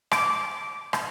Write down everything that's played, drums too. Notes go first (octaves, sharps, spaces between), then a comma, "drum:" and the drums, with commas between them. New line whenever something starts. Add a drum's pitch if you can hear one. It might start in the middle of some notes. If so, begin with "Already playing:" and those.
D6, drum: rim click
drum: rim click